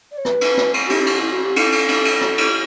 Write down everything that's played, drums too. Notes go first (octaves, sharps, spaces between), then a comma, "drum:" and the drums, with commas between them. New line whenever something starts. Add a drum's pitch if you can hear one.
D5
C#5
B4, drum: rim click
drum: cymbal
drum: rim click
drum: cymbal
F#4
G4, drum: cymbal
drum: cymbal
E4
F#4
G4
A4, drum: cymbal
drum: cymbal
drum: cymbal
drum: cymbal
drum: rim click
drum: cymbal